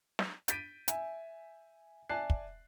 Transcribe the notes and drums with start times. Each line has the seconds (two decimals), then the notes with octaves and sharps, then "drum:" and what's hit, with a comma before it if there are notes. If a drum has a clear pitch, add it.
0.19 drum: snare
0.48 G6 A6 B6 D7 D#7, drum: hi-hat
0.88 E5 G#5, drum: hi-hat
2.09 D5 E5 G#5 A5 F#6 C7
2.30 drum: kick